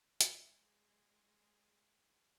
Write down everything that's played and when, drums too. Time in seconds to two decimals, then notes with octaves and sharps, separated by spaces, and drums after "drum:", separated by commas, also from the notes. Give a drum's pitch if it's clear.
0.21 G#3 G#4, drum: hi-hat